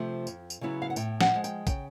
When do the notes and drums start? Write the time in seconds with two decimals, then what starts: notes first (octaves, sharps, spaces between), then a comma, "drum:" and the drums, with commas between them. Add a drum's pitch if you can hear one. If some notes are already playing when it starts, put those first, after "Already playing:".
Already playing: C3 F3 A3
0.27 F2, drum: tambourine
0.50 drum: tambourine
0.61 C#3 F#3 B3 E4
0.82 F5
0.90 F#5
0.96 A2 G5, drum: tambourine
1.21 F#5, drum: snare
1.32 F3 G#3
1.44 G5, drum: tambourine
1.67 C#3 G5, drum: kick, tambourine